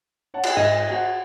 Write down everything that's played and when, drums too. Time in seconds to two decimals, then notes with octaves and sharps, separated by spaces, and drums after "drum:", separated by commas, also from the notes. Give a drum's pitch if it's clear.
0.34 C#5 F#5 A5
0.43 drum: cymbal
0.57 G#2 D#5
0.91 F#4 C5